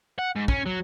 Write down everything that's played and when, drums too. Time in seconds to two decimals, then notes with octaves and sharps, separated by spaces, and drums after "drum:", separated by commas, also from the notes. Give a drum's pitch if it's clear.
0.19 F#5
0.36 G#2
0.48 C#4, drum: kick
0.66 F#3